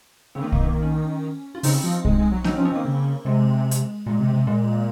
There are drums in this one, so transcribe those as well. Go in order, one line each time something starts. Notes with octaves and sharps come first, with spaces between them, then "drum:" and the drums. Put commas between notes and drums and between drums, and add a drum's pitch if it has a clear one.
C#3 C4
D#3 A#3
A#3, drum: kick
A#3
C#4
F4
C#3 C4 D#4, drum: open hi-hat
F3
G#3, drum: kick
G#3
F#3
F#3 C4 D#4, drum: snare A#3
C#4
F3
C4
D#3 A#3
C#3
C3 G#3
drum: hi-hat
A#2 G#3
C3
C3
A#2 G#3